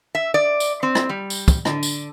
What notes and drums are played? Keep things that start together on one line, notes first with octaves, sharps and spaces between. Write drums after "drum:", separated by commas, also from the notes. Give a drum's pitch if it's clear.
E5
D5
drum: tambourine
C4
drum: rim click
G3
drum: tambourine
drum: kick, tambourine
D3, drum: rim click
drum: tambourine